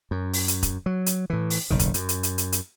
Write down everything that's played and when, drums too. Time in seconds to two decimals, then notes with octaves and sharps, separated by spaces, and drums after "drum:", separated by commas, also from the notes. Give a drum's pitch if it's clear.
0.11 F#2
0.33 drum: open hi-hat
0.48 drum: hi-hat
0.63 drum: kick E1, hi-hat
0.86 F#3
1.06 drum: hi-hat
1.30 A2 E3
1.50 drum: open hi-hat
1.70 F#1 B1 D#3
1.79 drum: kick E1, hi-hat
1.94 F#2, drum: hi-hat
2.09 drum: hi-hat
2.23 drum: hi-hat
2.38 drum: hi-hat
2.52 drum: hi-hat